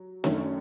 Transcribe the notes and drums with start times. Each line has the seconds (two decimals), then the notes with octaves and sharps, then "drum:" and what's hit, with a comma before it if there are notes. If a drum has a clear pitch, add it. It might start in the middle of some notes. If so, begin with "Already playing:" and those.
Already playing: F#3
0.24 F#2 D#3 A3 C#4, drum: snare